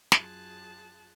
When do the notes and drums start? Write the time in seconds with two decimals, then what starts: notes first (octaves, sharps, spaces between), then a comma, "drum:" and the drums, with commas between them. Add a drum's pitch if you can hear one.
0.12 F#2 F#3 F4 G#4 A5 F#6, drum: snare